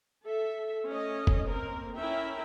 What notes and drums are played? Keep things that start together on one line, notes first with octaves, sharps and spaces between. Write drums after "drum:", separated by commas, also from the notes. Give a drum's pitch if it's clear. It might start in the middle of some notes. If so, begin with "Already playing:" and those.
A4 E5
A3 C#4 D#5
drum: kick F#1
A#3 C4 A#4
C#4 E4 A#4 E5 G5